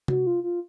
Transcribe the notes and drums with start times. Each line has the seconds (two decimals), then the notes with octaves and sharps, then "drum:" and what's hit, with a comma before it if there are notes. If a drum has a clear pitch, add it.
0.08 F#4, drum: tom C3
0.27 F4
0.44 F4